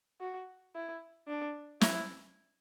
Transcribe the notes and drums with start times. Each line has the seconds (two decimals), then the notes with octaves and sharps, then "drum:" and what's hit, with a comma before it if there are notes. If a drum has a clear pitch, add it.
0.21 F#4
0.75 E4
1.28 D4
1.81 E4, drum: snare